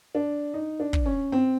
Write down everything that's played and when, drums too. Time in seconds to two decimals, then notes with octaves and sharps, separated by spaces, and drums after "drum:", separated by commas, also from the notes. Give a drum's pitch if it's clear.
0.15 D4
0.54 D#4
0.80 D4
0.93 drum: kick
1.06 C#4
1.32 C4